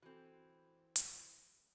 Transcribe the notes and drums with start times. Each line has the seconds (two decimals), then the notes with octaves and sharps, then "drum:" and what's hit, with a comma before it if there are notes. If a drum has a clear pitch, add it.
0.02 E3 C4 F#4 A4
0.96 drum: hi-hat